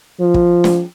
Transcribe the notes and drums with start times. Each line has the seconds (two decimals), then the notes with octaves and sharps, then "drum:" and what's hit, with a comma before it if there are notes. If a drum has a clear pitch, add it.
0.20 F3
0.34 drum: kick
0.64 drum: snare